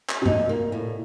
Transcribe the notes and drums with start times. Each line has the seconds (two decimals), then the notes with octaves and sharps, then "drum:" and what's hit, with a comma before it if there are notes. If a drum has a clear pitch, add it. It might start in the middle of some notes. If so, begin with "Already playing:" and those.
0.09 drum: clap
0.22 C3
0.26 A#2 D#4, drum: tom G2
0.49 A#3
0.72 A2